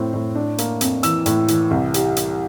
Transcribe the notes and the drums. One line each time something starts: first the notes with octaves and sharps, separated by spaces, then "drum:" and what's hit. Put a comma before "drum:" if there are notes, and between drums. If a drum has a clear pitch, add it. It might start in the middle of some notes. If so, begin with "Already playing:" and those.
Already playing: A2 C4
A2
D4
A#3, drum: hi-hat
F2, drum: hi-hat
E3 E6, drum: hi-hat
A2, drum: hi-hat
E3, drum: hi-hat
C2
G3, drum: hi-hat
drum: hi-hat